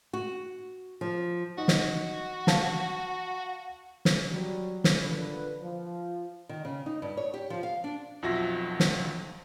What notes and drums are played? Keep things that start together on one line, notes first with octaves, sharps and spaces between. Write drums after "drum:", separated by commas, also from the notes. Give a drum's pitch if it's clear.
F#4
F3
D#4 F#4
drum: snare
F5 A5, drum: snare
drum: snare
F#3 G3
drum: snare
A#2 D3 B4
F3
D#3
C#3
D#4
G2
C#5
G4
F3
F5
D4
B1 F2 F3 F#4 E5 A#6
drum: snare